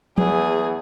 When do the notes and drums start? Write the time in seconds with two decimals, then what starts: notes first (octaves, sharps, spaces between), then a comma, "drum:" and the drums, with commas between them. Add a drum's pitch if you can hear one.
0.18 E2 G#4, drum: tom F3